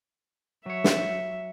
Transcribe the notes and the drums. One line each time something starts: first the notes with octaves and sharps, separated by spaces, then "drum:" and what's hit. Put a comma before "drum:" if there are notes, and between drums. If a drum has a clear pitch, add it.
F#3 C#5 E5
drum: snare